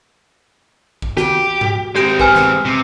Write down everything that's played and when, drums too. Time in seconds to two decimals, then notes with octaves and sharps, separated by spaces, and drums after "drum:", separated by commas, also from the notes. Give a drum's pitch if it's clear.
1.02 drum: kick A#1
1.17 F#4 G4, drum: snare
1.61 drum: tom G#2
1.95 G#3 C4 G4 G6 D7
2.20 B4 G#5 F6, drum: kick A#1
2.35 drum: snare
2.65 C3